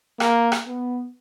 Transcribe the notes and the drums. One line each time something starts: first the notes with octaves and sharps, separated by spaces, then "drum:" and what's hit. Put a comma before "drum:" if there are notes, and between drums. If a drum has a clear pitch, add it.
A#3, drum: rim click
drum: rim click
B3